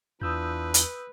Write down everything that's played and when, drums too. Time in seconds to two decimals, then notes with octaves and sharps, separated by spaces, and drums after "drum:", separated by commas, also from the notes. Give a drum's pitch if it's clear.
0.21 E2 E3 D4 F4 B4 D#6 E6 G6
0.74 drum: hi-hat